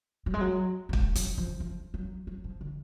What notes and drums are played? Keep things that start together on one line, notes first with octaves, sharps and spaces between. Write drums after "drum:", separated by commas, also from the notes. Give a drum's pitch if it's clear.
F#3
G#3
F#3
F#3
G#3, drum: kick
F#3, drum: hi-hat
F3
F3
F#3
F#3
F3
D3